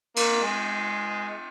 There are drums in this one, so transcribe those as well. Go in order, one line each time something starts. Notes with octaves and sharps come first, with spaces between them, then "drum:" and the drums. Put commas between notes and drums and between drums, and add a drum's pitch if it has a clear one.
A#3, drum: cymbal
G#3